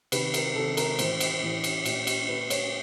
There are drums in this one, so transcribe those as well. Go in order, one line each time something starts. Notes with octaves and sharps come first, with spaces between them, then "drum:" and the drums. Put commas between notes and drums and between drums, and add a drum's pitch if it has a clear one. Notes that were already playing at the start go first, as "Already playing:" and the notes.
C3 D#3 B4, drum: cymbal
A#4, drum: cymbal
C3 D#3 A4
A#4, drum: cymbal
A2 E3 C5, drum: cymbal
drum: cymbal
A2 E3
drum: cymbal
A#2, drum: cymbal
drum: cymbal
A#2 B4
C#5, drum: cymbal